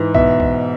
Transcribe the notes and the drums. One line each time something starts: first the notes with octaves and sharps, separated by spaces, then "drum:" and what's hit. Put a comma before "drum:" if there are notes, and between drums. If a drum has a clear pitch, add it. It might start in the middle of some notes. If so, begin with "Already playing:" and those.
Already playing: G#2 E3
B2 E5, drum: kick B1
drum: kick B1